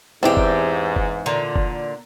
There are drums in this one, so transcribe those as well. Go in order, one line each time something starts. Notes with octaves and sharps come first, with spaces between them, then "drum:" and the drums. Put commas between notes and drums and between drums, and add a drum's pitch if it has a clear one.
E2 G#2 E3 C4 D4 G4
drum: kick
drum: kick
A#2 D3 A#5
drum: kick